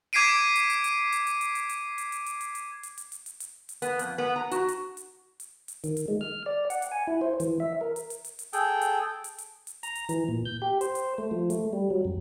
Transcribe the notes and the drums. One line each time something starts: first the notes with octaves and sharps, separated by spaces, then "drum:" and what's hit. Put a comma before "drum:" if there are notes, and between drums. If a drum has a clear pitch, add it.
D6 G#6 B6 C7 D7 D#7
drum: hi-hat
drum: hi-hat
drum: hi-hat
drum: hi-hat
drum: hi-hat
drum: hi-hat
drum: hi-hat
drum: hi-hat
drum: hi-hat
drum: hi-hat
drum: hi-hat
drum: hi-hat
drum: hi-hat
drum: hi-hat
drum: hi-hat
drum: hi-hat
drum: hi-hat
drum: hi-hat
drum: hi-hat
B3, drum: hi-hat
F2, drum: hi-hat
B3
A#5
F#4, drum: hi-hat
drum: hi-hat
drum: hi-hat
drum: hi-hat
drum: hi-hat
D#3, drum: hi-hat
drum: hi-hat
G#3
F6
D5
F#5, drum: hi-hat
drum: hi-hat
G#5
E4
C5
E3, drum: hi-hat
E5
A#4
drum: hi-hat
drum: hi-hat
drum: hi-hat
drum: hi-hat
G#4 A4 G5, drum: hi-hat
drum: hi-hat
drum: hi-hat
drum: hi-hat
drum: hi-hat
A#5, drum: hi-hat
drum: hi-hat
E3, drum: hi-hat
A#2
G6
G4
C5, drum: hi-hat
drum: hi-hat
A3
F3
A3, drum: hi-hat
G3
F#3
F#2